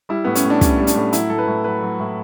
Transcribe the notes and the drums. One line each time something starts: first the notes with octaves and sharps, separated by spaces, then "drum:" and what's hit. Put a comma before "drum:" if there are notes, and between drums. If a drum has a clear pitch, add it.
G3 E4
A2 B3
C#4, drum: hi-hat
A2
D4
G3 C#4, drum: kick, hi-hat
G3
D4, drum: hi-hat
A2
F#3 E4, drum: hi-hat
A2 A4
B4
A2
F#3 B4
F#3
A2